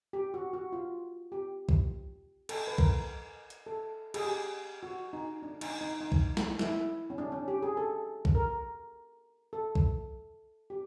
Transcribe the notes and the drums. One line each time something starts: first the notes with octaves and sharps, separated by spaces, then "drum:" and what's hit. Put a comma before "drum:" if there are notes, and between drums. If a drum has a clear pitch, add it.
G4
F#4
F#4
F4
G4
drum: kick B1
A4, drum: cymbal
B4
A#4, drum: kick B1
drum: hi-hat
A4
G#4, drum: cymbal
G4
F#4
D#4
D4
D#4, drum: cymbal
D#4
D#4
drum: kick B1
drum: snare
E4, drum: snare
C#4
D4
C#4
G4
G#4
A4
drum: kick B1
A#4
A4
drum: kick B1
G4